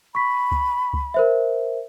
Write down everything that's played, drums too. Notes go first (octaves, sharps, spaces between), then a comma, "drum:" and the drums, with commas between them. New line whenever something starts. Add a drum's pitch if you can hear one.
B5 C#6 B6
drum: kick C#2
drum: kick C#2
A#4 C5 E5